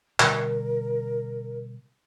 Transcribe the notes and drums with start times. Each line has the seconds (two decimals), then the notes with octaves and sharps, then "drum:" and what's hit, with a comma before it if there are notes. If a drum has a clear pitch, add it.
0.20 B2 D3 G3 A#4, drum: clap